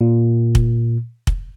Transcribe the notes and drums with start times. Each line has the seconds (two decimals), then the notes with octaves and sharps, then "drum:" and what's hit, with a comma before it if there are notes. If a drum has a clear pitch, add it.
0.01 A#2
0.55 drum: kick
1.27 drum: kick